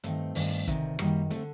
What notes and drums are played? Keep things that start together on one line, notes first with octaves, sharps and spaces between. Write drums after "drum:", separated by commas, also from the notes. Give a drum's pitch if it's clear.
G2 D#3 A3 C4, drum: hi-hat
G2 D#3, drum: open hi-hat
D2 C3 D#3, drum: kick, hi-hat
F#2 D#3 G3 A#3, drum: rim click
D3 A3 C4, drum: hi-hat